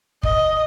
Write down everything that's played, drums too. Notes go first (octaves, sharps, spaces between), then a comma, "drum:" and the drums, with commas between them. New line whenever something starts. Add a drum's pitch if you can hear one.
D#5, drum: kick